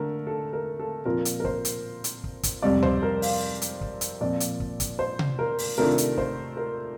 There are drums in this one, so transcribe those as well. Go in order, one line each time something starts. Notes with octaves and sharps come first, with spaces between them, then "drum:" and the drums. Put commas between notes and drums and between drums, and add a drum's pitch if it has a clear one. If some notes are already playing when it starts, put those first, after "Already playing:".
Already playing: D3 A3 A#4
A4
A#4
A4
A#2 F3 C4 F4 A#4
drum: hi-hat
A#4
C5, drum: kick
drum: hi-hat
drum: hi-hat
drum: kick
drum: kick, hi-hat
F2 C3 G3 D5
C5, drum: tom C#2
A#4
F5, drum: open hi-hat
drum: hi-hat
drum: kick
drum: hi-hat
A#2 F3 C4 D5
drum: hi-hat
drum: kick
drum: kick, hi-hat
C5
drum: tom C3
A#4
drum: open hi-hat
C3 D#3 A3 D4 F4 A#4
drum: hi-hat
C5, drum: kick
A#4